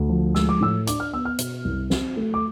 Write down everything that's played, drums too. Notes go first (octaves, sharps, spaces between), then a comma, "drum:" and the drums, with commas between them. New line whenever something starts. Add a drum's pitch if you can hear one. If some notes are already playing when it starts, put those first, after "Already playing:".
Already playing: D2
F3
G#3 E6, drum: snare
D6
A2 E6
D4 D6, drum: hi-hat
F6
B3 E6
F6
B2, drum: hi-hat
C2
C4, drum: snare
A3
D6